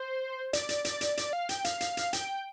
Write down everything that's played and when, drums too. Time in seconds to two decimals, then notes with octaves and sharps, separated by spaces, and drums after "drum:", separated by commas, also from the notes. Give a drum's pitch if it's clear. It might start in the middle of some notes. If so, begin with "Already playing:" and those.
Already playing: C5
0.53 D5, drum: hi-hat
0.69 drum: hi-hat
0.85 D5, drum: hi-hat
1.01 drum: hi-hat
1.17 D5, drum: hi-hat
1.33 F5
1.49 G5, drum: hi-hat
1.65 F5, drum: hi-hat
1.81 F5, drum: hi-hat
1.97 drum: hi-hat
2.13 G5, drum: hi-hat